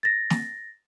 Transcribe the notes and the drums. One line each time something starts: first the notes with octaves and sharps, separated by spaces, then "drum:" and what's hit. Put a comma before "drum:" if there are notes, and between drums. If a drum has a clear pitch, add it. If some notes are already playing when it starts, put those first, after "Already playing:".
A6 A#6
drum: snare